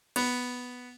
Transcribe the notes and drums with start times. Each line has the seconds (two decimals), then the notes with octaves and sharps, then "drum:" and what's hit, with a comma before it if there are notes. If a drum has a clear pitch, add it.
0.16 B3, drum: cymbal